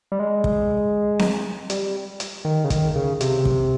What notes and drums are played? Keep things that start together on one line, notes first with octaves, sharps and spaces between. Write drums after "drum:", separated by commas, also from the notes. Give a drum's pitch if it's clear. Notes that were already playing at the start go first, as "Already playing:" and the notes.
G3
G#3
drum: kick
drum: snare C4
G3, drum: hi-hat
drum: hi-hat
D#3
C#3
D#3, drum: kick, hi-hat
C#3
C3, drum: hi-hat
drum: kick